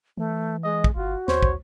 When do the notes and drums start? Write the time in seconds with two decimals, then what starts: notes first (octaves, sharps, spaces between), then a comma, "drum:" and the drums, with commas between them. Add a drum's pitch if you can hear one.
0.17 E3 A3
0.64 G#3 D#5
0.84 drum: kick
0.96 G1 F4 F#4
1.28 D#2 C5 C#5, drum: snare
1.43 drum: kick